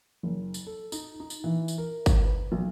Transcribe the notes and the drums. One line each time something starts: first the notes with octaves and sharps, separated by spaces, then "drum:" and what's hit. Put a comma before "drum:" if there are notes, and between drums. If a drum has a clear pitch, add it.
F#1
drum: tambourine
A4
D#4, drum: tambourine
D#4
drum: tambourine
E3
drum: tambourine
A#4
drum: kick G1, tambourine
B4
B1